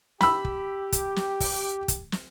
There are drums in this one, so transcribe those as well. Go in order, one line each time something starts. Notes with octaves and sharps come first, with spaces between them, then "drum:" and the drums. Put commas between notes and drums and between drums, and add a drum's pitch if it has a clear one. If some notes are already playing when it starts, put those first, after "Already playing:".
G4 B5 E6, drum: snare
drum: kick
drum: kick, hi-hat
drum: snare
drum: kick, open hi-hat
drum: kick, hi-hat
drum: snare